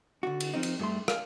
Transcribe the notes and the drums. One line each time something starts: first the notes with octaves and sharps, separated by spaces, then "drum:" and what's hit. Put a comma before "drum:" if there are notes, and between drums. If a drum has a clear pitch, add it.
D3 F#4
drum: cymbal
F3 C4 D#4
drum: cymbal
G2 A3 C6
F5, drum: rim click